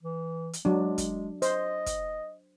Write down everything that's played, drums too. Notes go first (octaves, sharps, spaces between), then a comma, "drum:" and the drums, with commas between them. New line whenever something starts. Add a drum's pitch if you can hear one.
E3
drum: hi-hat
F#3 G#3 D4
drum: kick, hi-hat
C5 D#5, drum: hi-hat
drum: kick, hi-hat